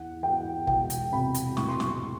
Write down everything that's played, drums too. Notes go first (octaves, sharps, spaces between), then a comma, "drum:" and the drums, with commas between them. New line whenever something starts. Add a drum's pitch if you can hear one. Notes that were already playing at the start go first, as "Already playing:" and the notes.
Already playing: E2 F#5
E3 G5
E1 G5, drum: kick
drum: hi-hat
C3 B5
drum: hi-hat
A2 C#6, drum: snare
C6
C#6, drum: snare